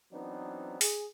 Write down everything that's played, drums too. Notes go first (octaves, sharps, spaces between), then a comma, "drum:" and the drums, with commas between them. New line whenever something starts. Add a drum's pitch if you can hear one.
E3 F#3 B3 C4 D4 D#4
G#4, drum: open hi-hat